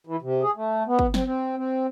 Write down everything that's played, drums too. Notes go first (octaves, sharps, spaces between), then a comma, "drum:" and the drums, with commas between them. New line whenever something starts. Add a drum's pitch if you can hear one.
E3
C3
G#4
A3
B3
drum: kick
C4, drum: snare
C4
C4